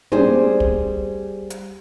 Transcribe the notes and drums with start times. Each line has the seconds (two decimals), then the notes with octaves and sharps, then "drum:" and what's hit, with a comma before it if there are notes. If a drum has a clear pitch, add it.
0.12 G3 G#4 C5, drum: tom
0.60 drum: kick
1.50 drum: hi-hat